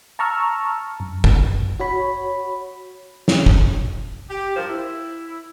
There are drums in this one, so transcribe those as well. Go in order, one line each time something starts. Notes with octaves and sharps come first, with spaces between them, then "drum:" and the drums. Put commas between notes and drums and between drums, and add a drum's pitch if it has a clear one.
A5 A#5 C#6 E6 F6
F#2
drum: kick
F#4 C#5 B5
drum: snare
drum: kick
G4
G2 F3 A#4 C5
E4